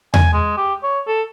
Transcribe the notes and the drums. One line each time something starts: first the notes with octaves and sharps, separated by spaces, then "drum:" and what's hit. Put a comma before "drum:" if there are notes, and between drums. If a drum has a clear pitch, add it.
G#5, drum: tom E2
G#3
G4
C#5
A4